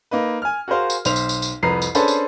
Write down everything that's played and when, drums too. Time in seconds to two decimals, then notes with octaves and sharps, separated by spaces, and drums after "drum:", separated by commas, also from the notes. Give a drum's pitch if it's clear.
0.11 A#3 D#4 B4
0.42 G#5 F6
0.68 F#4 G#4 A#4 C5 F5
0.90 drum: tambourine
1.05 B1 C5 F7, drum: tambourine
1.16 drum: tambourine
1.29 drum: tambourine
1.42 drum: tambourine
1.63 C2 F2 B4 A#5 C7
1.82 drum: tambourine
1.95 C#4 D4 G#4 A4 B4 C5, drum: tambourine
2.08 drum: tambourine